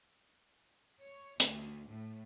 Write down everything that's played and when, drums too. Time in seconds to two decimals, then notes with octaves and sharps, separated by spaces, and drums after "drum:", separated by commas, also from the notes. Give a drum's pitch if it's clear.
1.00 C#5
1.40 D2, drum: hi-hat
1.88 A2